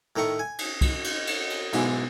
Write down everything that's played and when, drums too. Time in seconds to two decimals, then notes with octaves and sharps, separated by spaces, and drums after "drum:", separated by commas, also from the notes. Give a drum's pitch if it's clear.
0.16 A2 D#3 A3 A#5 C#6
0.39 G#5
0.58 drum: cymbal
0.81 drum: kick, cymbal
1.04 drum: cymbal
1.27 drum: cymbal
1.50 drum: cymbal
1.73 B1 G#2 E3 G#3, drum: cymbal